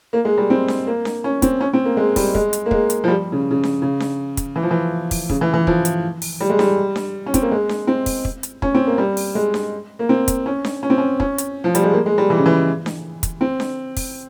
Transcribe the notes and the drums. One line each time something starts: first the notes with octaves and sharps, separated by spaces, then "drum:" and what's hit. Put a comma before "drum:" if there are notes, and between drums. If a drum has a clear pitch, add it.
A#3
G#3
G3
C4
drum: snare D4
A#3
drum: snare D4
C#4
C4, drum: kick, hi-hat
C#4
C4
A#3
G#3
G3, drum: kick, open hi-hat
G#3, drum: kick
drum: hi-hat
A#3
G#3, drum: kick
drum: hi-hat
F3
G3
C#3
C#3
drum: snare D4
C#3
drum: snare D4
drum: kick, hi-hat
E3
F3
E3
drum: kick, open hi-hat
C#3, drum: kick
E3
E3
F3, drum: kick
drum: hi-hat
drum: open hi-hat
G3
G#3
G3, drum: snare D4
drum: snare D4
C#4
C4, drum: kick, hi-hat
A#3
G#3
drum: snare D4
C4
drum: kick, open hi-hat
drum: kick
drum: hi-hat
C#4, drum: kick
C4
A#3
G3
drum: open hi-hat
G#3
drum: snare D4
A#3
C4
drum: kick, hi-hat
C#4
drum: snare D4
C#4
C4
C#4
C#4, drum: kick
drum: hi-hat
F3
G3, drum: hi-hat
G#3
A#3
G#3
G3
E3
C#3
E3
drum: snare D4
drum: kick, hi-hat
C4
drum: snare D4
drum: kick, open hi-hat